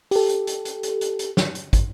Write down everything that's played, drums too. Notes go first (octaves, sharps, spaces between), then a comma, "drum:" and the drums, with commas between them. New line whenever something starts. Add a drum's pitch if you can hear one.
G4 A4, drum: open hi-hat
drum: hi-hat
drum: hi-hat
drum: hi-hat
drum: hi-hat
drum: hi-hat
drum: hi-hat
drum: snare
drum: hi-hat
drum: kick, hi-hat